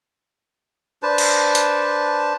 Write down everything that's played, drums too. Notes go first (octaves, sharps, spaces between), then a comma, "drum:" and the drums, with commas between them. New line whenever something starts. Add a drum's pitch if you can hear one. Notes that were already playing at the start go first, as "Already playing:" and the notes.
D4 B4 C5 A5
drum: cymbal
drum: hi-hat